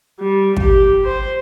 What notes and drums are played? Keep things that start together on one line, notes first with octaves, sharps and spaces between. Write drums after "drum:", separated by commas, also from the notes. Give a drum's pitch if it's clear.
G3
G4, drum: kick
C5